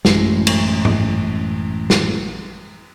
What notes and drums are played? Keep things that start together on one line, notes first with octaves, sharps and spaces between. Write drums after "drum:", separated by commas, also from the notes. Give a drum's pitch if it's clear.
A1 F#2 A2 G#3, drum: snare
drum: cymbal
drum: tom G#2
drum: snare